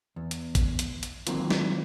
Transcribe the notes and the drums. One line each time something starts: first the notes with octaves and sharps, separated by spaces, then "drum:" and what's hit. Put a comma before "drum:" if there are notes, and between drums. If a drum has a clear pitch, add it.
E2
drum: hi-hat
drum: kick, hi-hat
drum: hi-hat
drum: hi-hat
D#3 E3 F#3 A#3 C4 F4, drum: hi-hat
drum: snare